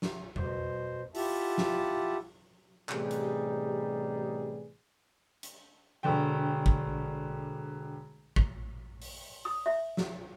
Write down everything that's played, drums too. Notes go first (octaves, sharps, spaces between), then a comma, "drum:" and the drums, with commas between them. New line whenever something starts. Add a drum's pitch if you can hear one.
drum: snare
B2 C5, drum: tom E2
E4 F4 G4 E5 F#5 A5, drum: open hi-hat
drum: snare
A1 C3 G3 D#4 G#4, drum: clap
drum: hi-hat
drum: hi-hat
E1 D3 G5
drum: kick
drum: kick
drum: open hi-hat
D#6
E5
drum: snare